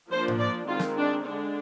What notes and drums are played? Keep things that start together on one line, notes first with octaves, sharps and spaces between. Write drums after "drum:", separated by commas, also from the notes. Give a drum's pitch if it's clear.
F3 A#3 D4 C5
drum: tom A2
D5
D#3 G#3 C4 F4
drum: snare
D4
D3 G#3 D4